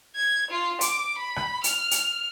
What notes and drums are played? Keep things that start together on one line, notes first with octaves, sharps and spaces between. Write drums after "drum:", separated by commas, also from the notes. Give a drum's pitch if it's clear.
G#6
F4
D6, drum: hi-hat
B5
drum: rim click
F6, drum: hi-hat
drum: hi-hat